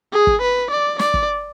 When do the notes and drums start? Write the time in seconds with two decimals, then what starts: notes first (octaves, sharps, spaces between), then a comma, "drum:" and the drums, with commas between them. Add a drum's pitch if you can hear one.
0.12 G#4
0.27 drum: kick
0.42 B4
0.71 D5
0.99 D5, drum: snare
1.14 drum: kick